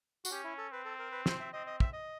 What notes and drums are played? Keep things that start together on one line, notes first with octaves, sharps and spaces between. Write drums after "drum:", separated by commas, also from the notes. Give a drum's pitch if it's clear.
F#4, drum: tambourine
C#4 G4
E4
A4
C4 B4
A4
A#4
B4
C5, drum: snare
E5
C4 D#5
D#5
E5, drum: kick
D#5